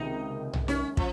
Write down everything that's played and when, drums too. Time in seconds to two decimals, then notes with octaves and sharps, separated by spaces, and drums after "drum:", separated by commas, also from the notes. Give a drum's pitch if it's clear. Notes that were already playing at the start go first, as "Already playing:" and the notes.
Already playing: C#2 C3 D#3 A#3 D#4
0.53 drum: tom B1
0.68 C#4, drum: snare D#4
0.97 F3, drum: kick